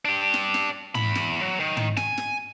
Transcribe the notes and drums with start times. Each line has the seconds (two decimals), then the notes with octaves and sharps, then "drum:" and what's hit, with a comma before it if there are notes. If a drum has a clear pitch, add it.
0.05 D4 G4
0.34 drum: snare
0.54 drum: snare
0.95 E2 B5, drum: tom
1.15 drum: snare
1.42 F#3
1.60 D#3
1.77 drum: tom
1.97 G#5, drum: snare
2.18 drum: snare